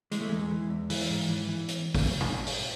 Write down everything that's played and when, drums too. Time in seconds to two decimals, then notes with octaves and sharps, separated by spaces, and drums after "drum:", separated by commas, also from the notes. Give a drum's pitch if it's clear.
0.12 E3 G#3, drum: hi-hat
0.21 A3
0.29 E2 G#3
0.51 E3
0.70 E2
0.90 E3, drum: open hi-hat
1.10 G#2
1.30 E3
1.49 E3
1.68 drum: hi-hat
1.95 drum: kick, open hi-hat
2.21 drum: tom
2.47 drum: open hi-hat